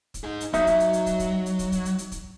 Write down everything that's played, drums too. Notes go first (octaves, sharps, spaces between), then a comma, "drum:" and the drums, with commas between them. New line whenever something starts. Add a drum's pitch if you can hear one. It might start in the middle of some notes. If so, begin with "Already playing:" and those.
drum: kick, hi-hat
D#4 G#4
drum: hi-hat
F#3 D#4 E5, drum: kick, hi-hat
drum: kick, hi-hat
drum: hi-hat
drum: hi-hat
drum: kick, hi-hat
drum: kick, hi-hat
drum: hi-hat
drum: kick, hi-hat
drum: kick, hi-hat
drum: hi-hat
drum: hi-hat
drum: kick, hi-hat